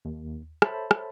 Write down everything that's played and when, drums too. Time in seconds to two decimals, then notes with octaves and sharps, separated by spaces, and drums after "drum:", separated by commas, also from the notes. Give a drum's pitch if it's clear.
0.05 D#2
0.62 A4 C5 C#5 E5 A5 B5, drum: rim click
0.91 drum: rim click